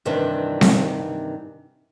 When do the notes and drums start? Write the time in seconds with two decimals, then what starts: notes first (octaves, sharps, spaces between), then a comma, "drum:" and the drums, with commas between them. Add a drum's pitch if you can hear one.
0.05 G2 C3 D#3 E3 C4 D4
0.61 drum: snare C4